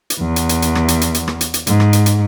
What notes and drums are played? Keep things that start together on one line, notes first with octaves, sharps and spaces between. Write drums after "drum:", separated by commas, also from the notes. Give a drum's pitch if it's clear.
drum: hi-hat
E2
drum: hi-hat
drum: hi-hat
drum: hi-hat
drum: rim click
drum: hi-hat
drum: hi-hat
drum: hi-hat
drum: rim click
drum: hi-hat
drum: hi-hat
G#2, drum: hi-hat
drum: rim click
drum: hi-hat
drum: hi-hat